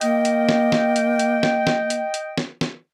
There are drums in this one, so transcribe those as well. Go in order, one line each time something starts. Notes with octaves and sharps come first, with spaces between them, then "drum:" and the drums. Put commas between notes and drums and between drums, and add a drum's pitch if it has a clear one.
A#3 D#5 G5, drum: hi-hat
drum: hi-hat
drum: snare
drum: snare
drum: hi-hat
drum: hi-hat
drum: snare
drum: snare
drum: hi-hat
drum: hi-hat
drum: snare
drum: snare